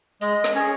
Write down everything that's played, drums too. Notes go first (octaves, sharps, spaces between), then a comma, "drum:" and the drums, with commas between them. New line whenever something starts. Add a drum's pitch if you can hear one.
G#3 D#5, drum: open hi-hat
drum: snare
C#4 G#4 C#5